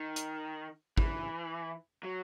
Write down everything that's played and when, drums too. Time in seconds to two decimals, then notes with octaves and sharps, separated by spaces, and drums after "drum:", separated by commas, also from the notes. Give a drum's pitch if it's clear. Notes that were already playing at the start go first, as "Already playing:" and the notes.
Already playing: D#3
0.16 drum: hi-hat
0.97 E3, drum: kick
2.03 F#3